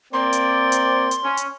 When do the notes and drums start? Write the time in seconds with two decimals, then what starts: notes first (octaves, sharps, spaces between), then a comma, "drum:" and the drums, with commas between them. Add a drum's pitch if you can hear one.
0.13 A#3 C4 D5 C6
0.33 drum: hi-hat
0.72 drum: hi-hat
1.11 drum: hi-hat
1.24 C#4
1.37 drum: hi-hat